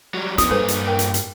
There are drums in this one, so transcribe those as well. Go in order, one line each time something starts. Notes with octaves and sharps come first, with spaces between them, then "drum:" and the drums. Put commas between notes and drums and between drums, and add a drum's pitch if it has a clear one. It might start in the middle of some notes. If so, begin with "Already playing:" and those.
F#3 G3
F3 B3 D#4 D#6, drum: hi-hat
G2 A#2 G#4 A4 B4 C5
drum: hi-hat
A#4 G5
drum: hi-hat
drum: hi-hat